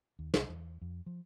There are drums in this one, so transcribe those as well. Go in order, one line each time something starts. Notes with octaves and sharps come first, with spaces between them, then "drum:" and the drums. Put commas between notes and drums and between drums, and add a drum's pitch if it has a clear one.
D#2
C2, drum: snare
E2
F2
F3